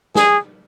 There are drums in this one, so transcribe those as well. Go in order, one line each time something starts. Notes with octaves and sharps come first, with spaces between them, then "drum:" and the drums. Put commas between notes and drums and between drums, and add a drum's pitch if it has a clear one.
G#4, drum: snare